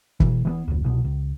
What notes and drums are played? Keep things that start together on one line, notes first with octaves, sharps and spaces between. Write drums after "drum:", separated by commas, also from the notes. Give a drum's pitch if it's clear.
B2 E3, drum: kick
E3 G#3 B3
F1 D2
C2 B2
C#2